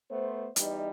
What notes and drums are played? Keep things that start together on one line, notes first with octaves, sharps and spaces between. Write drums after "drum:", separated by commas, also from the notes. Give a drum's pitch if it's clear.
A3 B3 C5
E2 E3 G3 D#4 D#5, drum: hi-hat